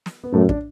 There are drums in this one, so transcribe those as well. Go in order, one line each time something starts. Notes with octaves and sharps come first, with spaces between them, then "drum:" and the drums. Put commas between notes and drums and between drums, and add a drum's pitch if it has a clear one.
drum: snare
B3
F#2 A2 A3
D4, drum: kick